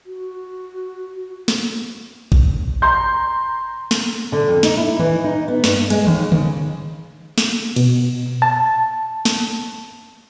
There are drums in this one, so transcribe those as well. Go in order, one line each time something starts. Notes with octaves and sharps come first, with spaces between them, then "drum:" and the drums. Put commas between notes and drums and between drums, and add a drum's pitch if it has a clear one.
F#4
drum: snare
drum: kick A1
A#5 C6 G6
drum: snare
D3
F2
D#4, drum: snare
E4
E3, drum: tom D#3
D#4
B3
G2, drum: snare
G#3, drum: cymbal
D#2, drum: tom D#3
C#3, drum: tom D3
drum: snare
B2, drum: cymbal
A5
drum: snare